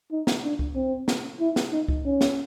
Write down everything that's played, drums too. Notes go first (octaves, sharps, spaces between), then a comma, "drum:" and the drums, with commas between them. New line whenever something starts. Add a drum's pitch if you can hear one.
D#4
drum: snare
D4
drum: kick C#2
C4
drum: snare
E4
drum: snare
D#4
drum: kick C#2
C#4
drum: snare